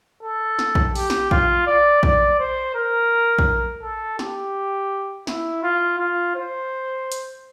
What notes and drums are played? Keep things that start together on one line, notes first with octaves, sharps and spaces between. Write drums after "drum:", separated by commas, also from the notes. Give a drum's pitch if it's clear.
A4
drum: snare
drum: kick A#1
G4, drum: open hi-hat
drum: snare
F4, drum: kick A#1
D5
D5, drum: kick A#1
C5
A#4
drum: kick A#1
A4
G4, drum: snare
E4, drum: snare
F4
F4
C5
drum: hi-hat